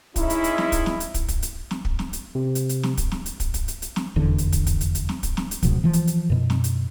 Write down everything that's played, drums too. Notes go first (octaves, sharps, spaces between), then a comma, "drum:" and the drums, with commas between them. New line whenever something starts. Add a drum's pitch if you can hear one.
G#3 C#4 D#4 E4, drum: kick, hi-hat
drum: hi-hat
drum: hi-hat
drum: snare
drum: kick, hi-hat
drum: snare
drum: hi-hat
drum: kick, hi-hat
drum: kick, hi-hat
drum: hi-hat
drum: snare
drum: kick
drum: snare
drum: hi-hat
C3
drum: hi-hat
drum: hi-hat
drum: snare
drum: kick, hi-hat
drum: snare
drum: hi-hat
drum: kick, hi-hat
drum: kick, hi-hat
drum: hi-hat
drum: hi-hat
drum: snare
F1 E2 D3
drum: hi-hat
drum: kick, hi-hat
drum: kick, hi-hat
drum: hi-hat
drum: hi-hat
drum: snare
drum: kick, hi-hat
drum: snare
drum: hi-hat
C#2 B2 F3, drum: kick, hi-hat
E3 F3
drum: hi-hat
drum: hi-hat
F#2 B2
drum: snare
drum: hi-hat